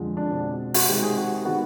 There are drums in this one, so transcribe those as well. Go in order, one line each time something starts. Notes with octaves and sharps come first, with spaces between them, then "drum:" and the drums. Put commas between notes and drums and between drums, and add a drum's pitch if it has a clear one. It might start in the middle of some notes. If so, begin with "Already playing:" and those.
Already playing: F2 D3 F3 G#3
D4
B2 G#3 C4
F#4, drum: open hi-hat
C3 D#3 G#3 C4 G4
G#4
F#4
D#3 G#3 B3 F#4